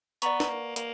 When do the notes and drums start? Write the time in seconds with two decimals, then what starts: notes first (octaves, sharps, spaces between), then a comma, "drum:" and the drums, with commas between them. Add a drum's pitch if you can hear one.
0.22 B3 B4 D5 F#5 A#5 C#6, drum: hi-hat
0.40 drum: snare
0.49 A#3
0.76 A#3, drum: hi-hat